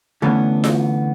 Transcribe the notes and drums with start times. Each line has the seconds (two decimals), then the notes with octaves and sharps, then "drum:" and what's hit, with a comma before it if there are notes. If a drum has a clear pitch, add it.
0.22 D3 E3 A3 B3 C#4
0.64 drum: snare F4